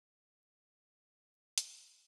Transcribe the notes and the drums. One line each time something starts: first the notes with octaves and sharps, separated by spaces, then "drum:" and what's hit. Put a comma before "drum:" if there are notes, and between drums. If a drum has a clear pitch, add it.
B4
C2 C3 D#3 G3 G#4
G4
F2 D#3 G3 G#4
C5, drum: hi-hat
D5